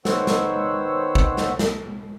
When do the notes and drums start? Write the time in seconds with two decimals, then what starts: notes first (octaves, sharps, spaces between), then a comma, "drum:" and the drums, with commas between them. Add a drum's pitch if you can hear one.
0.05 D#3 B3 C5 C#5 F#5 E6, drum: snare
0.27 drum: snare
1.15 drum: kick
1.37 drum: snare
1.59 drum: snare